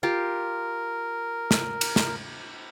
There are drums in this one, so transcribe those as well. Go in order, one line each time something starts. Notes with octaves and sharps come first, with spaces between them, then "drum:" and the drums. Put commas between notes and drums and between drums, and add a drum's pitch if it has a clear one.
F4 G4 A#4
drum: snare
drum: cymbal
drum: snare